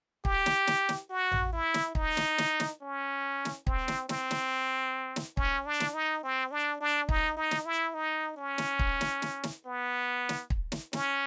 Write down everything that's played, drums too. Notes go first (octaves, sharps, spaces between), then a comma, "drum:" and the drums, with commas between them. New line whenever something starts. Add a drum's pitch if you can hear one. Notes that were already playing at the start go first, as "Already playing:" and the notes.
G4, drum: kick
drum: snare
drum: snare
drum: snare
F#4
drum: tom A1
E4
drum: snare
D#4, drum: kick
drum: snare
drum: snare
drum: snare
C#4
drum: snare
C4, drum: kick
drum: snare
C4, drum: snare
drum: snare
drum: snare
C#4, drum: kick
D4
drum: snare
D#4
C4
D4
D4
D#4, drum: kick
D#4
drum: snare
E4
D#4
C#4
drum: snare
drum: kick
drum: snare
drum: snare
drum: snare
B3
drum: snare
drum: kick
drum: snare
C#4, drum: snare